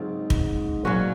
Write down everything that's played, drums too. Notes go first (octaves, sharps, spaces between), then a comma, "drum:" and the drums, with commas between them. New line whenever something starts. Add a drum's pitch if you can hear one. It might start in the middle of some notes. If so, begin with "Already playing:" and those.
Already playing: G#2 C#3 F#3 C4 F4
drum: kick
A#2 F#3 C#4 F#4